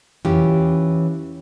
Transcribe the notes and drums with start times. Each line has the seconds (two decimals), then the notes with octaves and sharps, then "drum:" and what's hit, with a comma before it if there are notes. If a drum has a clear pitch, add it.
0.25 E3 C#4 F4 G4, drum: tom E2